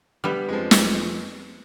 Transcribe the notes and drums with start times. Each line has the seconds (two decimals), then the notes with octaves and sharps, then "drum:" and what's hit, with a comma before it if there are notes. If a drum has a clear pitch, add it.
0.24 D3 G3 B3 G4 B5
0.49 F2 F3 G#3
0.71 drum: snare